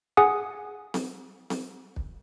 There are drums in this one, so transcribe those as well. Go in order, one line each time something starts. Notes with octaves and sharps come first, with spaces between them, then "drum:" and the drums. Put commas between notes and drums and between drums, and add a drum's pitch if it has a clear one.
G#4 F#5 G#5 D#6
drum: snare C4
drum: snare C4
drum: kick